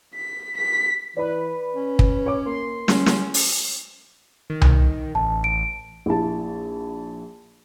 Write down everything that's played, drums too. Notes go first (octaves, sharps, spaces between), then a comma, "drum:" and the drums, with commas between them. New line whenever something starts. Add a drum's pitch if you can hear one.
B6
B6
E3 B4 D5 B5
C#4
drum: kick
C#5 D6
A#3 C6
C#4, drum: snare
drum: snare
drum: open hi-hat
D#3
drum: tom C2
A1 A5
D7
A#1 E4 A5